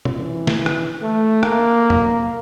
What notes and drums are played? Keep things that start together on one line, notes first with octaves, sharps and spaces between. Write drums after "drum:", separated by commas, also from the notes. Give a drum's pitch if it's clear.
drum: tom B2
E3
drum: snare
drum: rim click
A3
A#3, drum: rim click
drum: tom